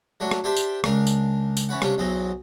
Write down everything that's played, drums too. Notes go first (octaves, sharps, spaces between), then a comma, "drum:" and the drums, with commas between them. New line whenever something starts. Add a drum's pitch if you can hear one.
F#3 A3 D4 F#4
drum: rim click
D4 G4 C5 E5 G5 A5
drum: tambourine
C#2 D4 A#4 F5, drum: rim click
drum: tambourine
drum: tambourine
E3 C#4 B4 F#5
C3 G3 C#4 D4 F4, drum: rim click
B1 E2 F#3 C4 D#5